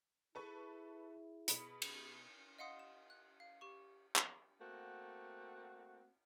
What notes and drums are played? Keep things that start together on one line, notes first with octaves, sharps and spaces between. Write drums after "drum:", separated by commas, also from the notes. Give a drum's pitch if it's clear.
E4 G#4 A4 B4 C#6
B2 B5 C#7, drum: hi-hat
drum: cymbal
D#5 F5 F#5 C6 D#6
E7
F#6
F5
G4 C#6
drum: clap
A3 A#3 C4 F#4 F#5